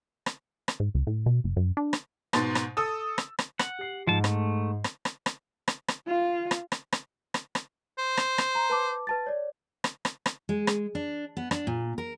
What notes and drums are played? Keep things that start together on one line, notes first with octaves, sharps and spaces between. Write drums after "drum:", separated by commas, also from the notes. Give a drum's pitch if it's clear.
drum: rim click
drum: rim click
G#2
C#2
A2
B2
F#1
F#2
D4
drum: rim click
G#2 B2 C6 A6, drum: rim click
drum: rim click
A4 D#6 E6
drum: rim click
drum: rim click
F#5, drum: rim click
G4 C7
G#2 F3 A5
A3, drum: rim click
drum: rim click
drum: rim click
drum: rim click
drum: rim click
drum: rim click
F4 F5
drum: rim click
drum: rim click
drum: rim click
drum: rim click
drum: rim click
C5
drum: rim click
drum: rim click
A#5
B4 A5 D6
B4 A5 A6
C#5 D5
drum: rim click
drum: rim click
drum: rim click
G#3
drum: rim click
D4
B3
D4, drum: rim click
A#2
A#4